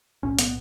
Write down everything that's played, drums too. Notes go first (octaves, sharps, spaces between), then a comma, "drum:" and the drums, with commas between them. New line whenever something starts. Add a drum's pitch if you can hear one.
B1 A2 C#4
B3, drum: hi-hat